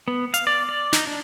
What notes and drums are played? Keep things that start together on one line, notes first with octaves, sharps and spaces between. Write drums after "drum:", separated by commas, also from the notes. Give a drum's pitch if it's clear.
B3
F5, drum: hi-hat
D5
D5
D#4, drum: snare
D4